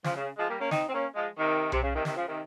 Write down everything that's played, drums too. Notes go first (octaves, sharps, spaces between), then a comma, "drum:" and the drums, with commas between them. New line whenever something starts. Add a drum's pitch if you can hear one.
C#3 F3, drum: snare
C#3
F3 G#3
G3 A#3
A#3 C#4
C4 D#4, drum: snare
C4
A#3 C#4
F3 G#3
C3 D#3
C3, drum: tom B1
C#3
C3 D#3
C3 D#3, drum: snare
C#3 F3
C3 D#3